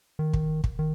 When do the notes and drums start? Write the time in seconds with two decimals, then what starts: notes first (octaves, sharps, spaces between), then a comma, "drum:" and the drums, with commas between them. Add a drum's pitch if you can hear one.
0.19 D#3
0.33 drum: kick
0.64 drum: kick
0.79 D#3